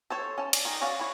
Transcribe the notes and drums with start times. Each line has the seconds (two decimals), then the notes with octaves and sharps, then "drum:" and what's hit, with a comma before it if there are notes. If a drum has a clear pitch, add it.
0.10 A4 C5 C#5
0.38 C#4 A5
0.53 D5, drum: cymbal
0.65 D#3 G#4 D#5
0.81 C#4 F#4 G#4 D5 F5
0.99 E3 C#5